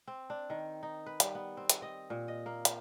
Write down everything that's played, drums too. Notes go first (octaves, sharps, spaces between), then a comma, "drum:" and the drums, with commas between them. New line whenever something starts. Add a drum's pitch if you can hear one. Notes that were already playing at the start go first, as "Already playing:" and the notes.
C4
D4
D#3
D#4
B4
G3, drum: hi-hat
B3
C4
drum: hi-hat
D#5
A#2
D#5
A#3
drum: hi-hat